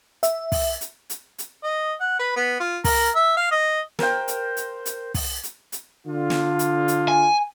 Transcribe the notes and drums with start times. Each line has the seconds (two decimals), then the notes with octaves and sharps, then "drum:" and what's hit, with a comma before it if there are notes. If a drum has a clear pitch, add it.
0.23 E5, drum: hi-hat
0.52 drum: kick, open hi-hat
0.81 drum: hi-hat
1.10 drum: hi-hat
1.38 drum: hi-hat
1.64 D#5
2.00 F#5
2.19 B4
2.36 B3
2.60 F4
2.84 A#4, drum: kick, open hi-hat
3.15 E5
3.37 F5
3.51 D#5
3.99 A#4 C5 G5, drum: snare
4.28 drum: hi-hat
4.57 drum: hi-hat
4.86 drum: hi-hat
5.14 drum: kick, open hi-hat
5.43 drum: hi-hat
5.72 drum: hi-hat
6.07 D3 F4
6.30 drum: snare
6.59 drum: hi-hat
6.88 drum: hi-hat
7.08 G#5